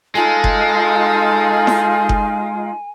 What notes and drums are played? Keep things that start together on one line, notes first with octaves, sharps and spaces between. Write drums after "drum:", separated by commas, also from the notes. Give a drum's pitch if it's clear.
G#3 D#4 F4 A4 F5 G#5
drum: kick F#1
drum: snare E4
drum: kick F#1